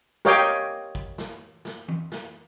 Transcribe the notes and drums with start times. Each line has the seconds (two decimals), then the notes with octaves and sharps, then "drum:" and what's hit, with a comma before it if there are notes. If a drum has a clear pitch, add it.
0.25 G4 A#4 C#5 D#5 F5 G5, drum: snare
0.95 drum: kick
1.18 drum: snare
1.65 drum: snare
1.88 drum: tom
2.12 drum: snare